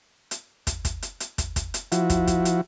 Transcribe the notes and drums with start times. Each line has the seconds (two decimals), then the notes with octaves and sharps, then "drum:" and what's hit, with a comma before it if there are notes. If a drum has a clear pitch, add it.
0.31 drum: hi-hat
0.67 drum: kick, hi-hat
0.85 drum: kick, hi-hat
1.02 drum: hi-hat
1.20 drum: hi-hat
1.38 drum: kick, hi-hat
1.56 drum: kick, hi-hat
1.74 drum: hi-hat
1.92 F3 E4 F#4, drum: hi-hat
2.10 drum: kick, hi-hat
2.27 drum: kick, hi-hat
2.45 drum: hi-hat